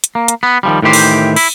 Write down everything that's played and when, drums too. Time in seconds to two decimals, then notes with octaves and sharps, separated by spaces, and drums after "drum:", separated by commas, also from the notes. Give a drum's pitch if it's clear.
0.04 drum: hi-hat
0.15 A#3
0.28 drum: hi-hat
0.43 B3
0.63 D#3 F3 G3
0.82 A2 D#3 E3 G4 C5
0.93 drum: open hi-hat
1.36 E4, drum: cymbal